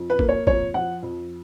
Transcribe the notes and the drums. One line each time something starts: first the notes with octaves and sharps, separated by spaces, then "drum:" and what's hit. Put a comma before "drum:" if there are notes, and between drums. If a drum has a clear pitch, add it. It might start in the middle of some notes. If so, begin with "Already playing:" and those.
Already playing: F2
B4
A#3, drum: kick
C#5
F2 C#5, drum: kick
F3 F#5
F2